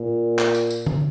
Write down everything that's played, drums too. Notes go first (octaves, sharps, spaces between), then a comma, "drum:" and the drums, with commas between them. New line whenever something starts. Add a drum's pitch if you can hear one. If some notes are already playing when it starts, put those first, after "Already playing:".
Already playing: A#2
drum: clap
drum: tambourine
drum: tambourine
drum: tom D3